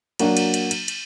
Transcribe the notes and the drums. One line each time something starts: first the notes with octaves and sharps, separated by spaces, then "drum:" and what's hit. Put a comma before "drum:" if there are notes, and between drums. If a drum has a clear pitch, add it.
F#3 A#3 D4 F#4, drum: cymbal
drum: cymbal
drum: cymbal
drum: cymbal
drum: cymbal